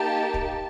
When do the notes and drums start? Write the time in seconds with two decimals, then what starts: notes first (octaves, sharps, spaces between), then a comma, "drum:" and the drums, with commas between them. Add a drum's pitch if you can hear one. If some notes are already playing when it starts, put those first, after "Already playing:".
Already playing: A#3 D#4 G4 A5
0.34 drum: kick